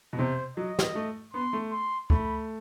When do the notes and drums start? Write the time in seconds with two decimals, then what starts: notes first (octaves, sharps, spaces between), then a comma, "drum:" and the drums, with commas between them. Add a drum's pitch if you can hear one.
0.13 B2
0.18 C3 C5
0.57 F#3 D#5
0.79 drum: snare
0.95 A3
1.34 B3 C6
1.53 A3
1.72 C6
2.10 A3 B5, drum: kick C#2